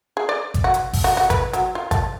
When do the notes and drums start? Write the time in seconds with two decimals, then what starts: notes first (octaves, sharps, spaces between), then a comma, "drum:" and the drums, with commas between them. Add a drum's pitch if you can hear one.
0.17 G#4
0.29 D5
0.54 drum: kick G#1, hi-hat
0.64 F#4
0.74 drum: hi-hat
0.93 drum: kick G#1, open hi-hat
1.04 F#4
1.17 F#4
1.30 B4, drum: kick G#1, hi-hat
1.53 F#3, drum: hi-hat
1.75 F4
1.91 A5, drum: kick G#1, hi-hat